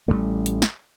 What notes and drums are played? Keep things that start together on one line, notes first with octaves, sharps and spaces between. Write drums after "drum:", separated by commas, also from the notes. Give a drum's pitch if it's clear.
A1 F3 G3 A3
drum: hi-hat
drum: snare